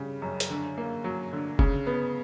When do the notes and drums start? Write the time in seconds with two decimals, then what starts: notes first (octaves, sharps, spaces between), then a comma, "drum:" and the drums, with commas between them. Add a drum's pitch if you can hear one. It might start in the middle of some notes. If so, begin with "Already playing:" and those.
Already playing: C#3 G3
0.22 F#2
0.40 drum: hi-hat
0.50 D3
0.78 A#3
1.04 F#3
1.33 D3
1.59 C#3, drum: kick
1.87 B3